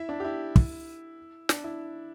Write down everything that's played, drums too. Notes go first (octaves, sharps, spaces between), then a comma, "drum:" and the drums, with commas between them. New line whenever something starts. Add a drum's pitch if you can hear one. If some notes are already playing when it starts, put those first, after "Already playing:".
Already playing: E4 E5
D4
G4
E4
drum: kick
D4, drum: snare
E4